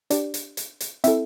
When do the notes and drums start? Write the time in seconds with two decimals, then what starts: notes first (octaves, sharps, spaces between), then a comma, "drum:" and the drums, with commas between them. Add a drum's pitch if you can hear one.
0.10 D4 G4 D5, drum: hi-hat
0.34 drum: hi-hat
0.57 drum: hi-hat
0.80 drum: hi-hat
1.04 C4 E4 A4 E5, drum: hi-hat